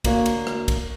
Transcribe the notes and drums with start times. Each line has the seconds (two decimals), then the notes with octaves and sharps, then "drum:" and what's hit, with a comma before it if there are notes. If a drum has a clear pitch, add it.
0.04 D2 A#3 F#4 C#5, drum: kick, cymbal
0.26 drum: cymbal
0.47 drum: rim click
0.68 drum: kick, cymbal